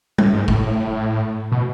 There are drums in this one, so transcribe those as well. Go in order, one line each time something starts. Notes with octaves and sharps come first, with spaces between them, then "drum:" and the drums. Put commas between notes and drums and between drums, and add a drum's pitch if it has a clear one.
A2, drum: tom G3
G#2
A2, drum: kick
B2